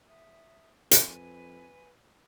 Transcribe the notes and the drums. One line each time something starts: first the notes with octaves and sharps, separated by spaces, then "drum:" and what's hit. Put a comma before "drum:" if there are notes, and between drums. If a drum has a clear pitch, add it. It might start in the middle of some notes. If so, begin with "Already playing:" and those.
E5 D#6
F2 B4 G#5, drum: hi-hat